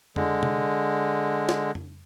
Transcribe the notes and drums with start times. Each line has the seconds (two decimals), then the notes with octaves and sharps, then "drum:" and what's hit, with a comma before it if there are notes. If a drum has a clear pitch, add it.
0.16 D3 G#3, drum: tom
0.43 drum: tom C3
1.49 drum: snare
1.75 drum: tom